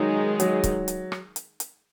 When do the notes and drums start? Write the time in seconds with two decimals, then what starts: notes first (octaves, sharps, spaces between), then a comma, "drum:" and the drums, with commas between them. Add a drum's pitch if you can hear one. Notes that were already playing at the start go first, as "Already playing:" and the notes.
Already playing: D#3 F#3 G#3 D#4 G#4
0.40 F#3, drum: hi-hat
0.64 drum: kick, hi-hat
0.88 drum: hi-hat
1.12 drum: rim click
1.36 drum: hi-hat
1.60 drum: hi-hat